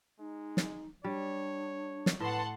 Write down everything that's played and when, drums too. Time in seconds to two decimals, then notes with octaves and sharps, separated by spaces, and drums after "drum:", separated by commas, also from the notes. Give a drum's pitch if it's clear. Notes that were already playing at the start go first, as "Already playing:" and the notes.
0.20 G#3 D#4
0.57 drum: snare
1.04 G3 D4 C#5
2.06 drum: snare
2.20 A2 B4 F#5 A5 C6